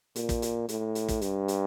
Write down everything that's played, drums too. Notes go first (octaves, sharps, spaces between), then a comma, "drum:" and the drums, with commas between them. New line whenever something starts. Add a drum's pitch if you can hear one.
A#2, drum: hi-hat
drum: kick, hi-hat
drum: hi-hat
A2, drum: hi-hat
drum: hi-hat
drum: kick, hi-hat
G2, drum: hi-hat
drum: hi-hat